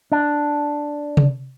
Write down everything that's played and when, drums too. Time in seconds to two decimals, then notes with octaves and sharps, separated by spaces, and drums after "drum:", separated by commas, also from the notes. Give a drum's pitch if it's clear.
0.12 D4
1.17 drum: tom C3